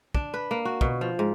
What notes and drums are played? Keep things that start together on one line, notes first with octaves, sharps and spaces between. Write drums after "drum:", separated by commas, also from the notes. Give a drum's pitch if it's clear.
D4, drum: kick
B4
A#3
F#4
B2, drum: kick
F3
G#2